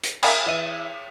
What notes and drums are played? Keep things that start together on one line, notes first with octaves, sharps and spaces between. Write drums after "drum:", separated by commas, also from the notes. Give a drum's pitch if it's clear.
drum: hi-hat
A#4 E5 F5 G5 G#5 B5, drum: cymbal
E3 E4 D#7